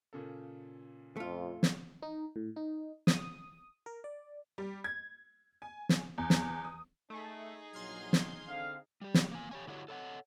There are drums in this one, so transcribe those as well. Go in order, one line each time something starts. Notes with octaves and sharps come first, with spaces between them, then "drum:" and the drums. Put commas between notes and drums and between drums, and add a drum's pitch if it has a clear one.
A#2 C#3 A4
F2 A3 F4
drum: snare
D#4
A2
D#4
D#6, drum: snare
A#4
D5
G3
G#6
G#5
drum: snare
E2
drum: snare
D#6
A3 D#4 G#4
A#1 G2 F#3 C6 F6 G#6
drum: snare
D3 C4 F5
G3 G4
drum: snare
A#3 G#5
G4 C#5 G#5
D3 E4 F#4 G4 C#5
A4 C#5 F#5